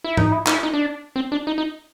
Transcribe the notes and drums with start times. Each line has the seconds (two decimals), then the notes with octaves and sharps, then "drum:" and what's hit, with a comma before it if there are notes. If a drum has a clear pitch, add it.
0.04 E4
0.17 D#4, drum: tom G#2
0.32 E4
0.47 D#4, drum: clap
0.53 E4
0.63 D#4
0.74 D4
1.16 C4
1.32 D4
1.47 D#4
1.58 D#4